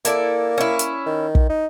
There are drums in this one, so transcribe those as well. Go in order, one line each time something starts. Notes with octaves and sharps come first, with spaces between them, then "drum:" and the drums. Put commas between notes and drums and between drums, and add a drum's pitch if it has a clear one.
A#3 E4 A4 D5, drum: hi-hat
C#4 E4
drum: hi-hat
D#3
drum: kick
D#4